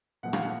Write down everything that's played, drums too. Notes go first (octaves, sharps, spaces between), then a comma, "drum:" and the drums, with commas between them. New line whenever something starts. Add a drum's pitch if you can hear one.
A#2 F3 A3 F#5
F5, drum: rim click
F#5